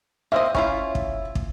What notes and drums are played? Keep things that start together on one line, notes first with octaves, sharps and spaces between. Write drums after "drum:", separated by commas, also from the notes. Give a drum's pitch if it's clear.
A#3 C4 D#5 E5
C#4 E4 F4, drum: kick
drum: kick
drum: kick